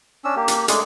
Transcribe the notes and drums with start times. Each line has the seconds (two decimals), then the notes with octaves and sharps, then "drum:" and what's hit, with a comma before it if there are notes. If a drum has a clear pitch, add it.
0.24 C#4 D4 E6
0.36 A#3 G4
0.48 drum: hi-hat
0.68 G#3 A3 D4 G#4, drum: hi-hat